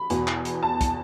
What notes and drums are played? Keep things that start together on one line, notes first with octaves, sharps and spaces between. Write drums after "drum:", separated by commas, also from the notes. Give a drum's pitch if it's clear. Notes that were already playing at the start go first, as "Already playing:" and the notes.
Already playing: B5
E2 B2, drum: hi-hat
drum: clap
drum: hi-hat
A5
drum: kick, hi-hat